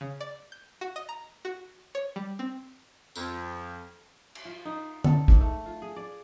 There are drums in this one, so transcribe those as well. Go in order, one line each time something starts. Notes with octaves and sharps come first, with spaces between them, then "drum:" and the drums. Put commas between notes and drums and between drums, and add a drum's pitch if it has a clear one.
C#3
D5
G6
F#4
D#5
A#5
F#4
C#5
G3
C4
F2, drum: tambourine
drum: cymbal
F4
D#4
A4, drum: tom D3
G#2, drum: kick
A3
F4
G#4
D5